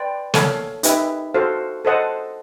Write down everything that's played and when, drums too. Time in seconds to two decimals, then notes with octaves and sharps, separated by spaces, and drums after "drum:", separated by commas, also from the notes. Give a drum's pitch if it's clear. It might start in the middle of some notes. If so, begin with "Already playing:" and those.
Already playing: B4 D5 G5 C6
0.34 A4 C#5 F5 G#5, drum: snare
0.83 D#4 G4 B4 E5 G#5, drum: hi-hat
1.34 F#4 A4 C5 F5
1.85 A4 C5 D#5 F#5 A5